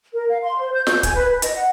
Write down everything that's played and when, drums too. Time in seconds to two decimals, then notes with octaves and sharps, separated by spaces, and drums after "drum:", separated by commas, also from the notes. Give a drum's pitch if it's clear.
0.14 A#4
0.29 F5
0.43 C6
0.58 C5
0.73 G6
0.87 G6, drum: snare
1.03 G#5, drum: kick D1, hi-hat
1.15 B4
1.27 B4
1.42 D#5, drum: hi-hat
1.55 F#5